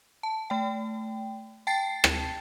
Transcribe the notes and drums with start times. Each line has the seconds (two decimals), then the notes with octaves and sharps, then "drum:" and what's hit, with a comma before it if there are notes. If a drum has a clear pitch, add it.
0.23 A5
0.50 A3 G5
1.67 G5 A5 A6 C7
2.04 drum: rim click